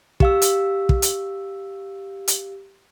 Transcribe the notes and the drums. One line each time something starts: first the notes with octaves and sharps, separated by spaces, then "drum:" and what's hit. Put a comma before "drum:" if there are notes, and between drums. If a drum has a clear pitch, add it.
G4 F5 E6, drum: kick
drum: hi-hat
drum: kick
drum: hi-hat
drum: hi-hat